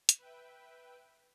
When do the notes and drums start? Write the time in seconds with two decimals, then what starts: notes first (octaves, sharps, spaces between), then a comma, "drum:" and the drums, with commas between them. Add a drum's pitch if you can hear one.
0.09 drum: hi-hat
0.18 B4 E5 G5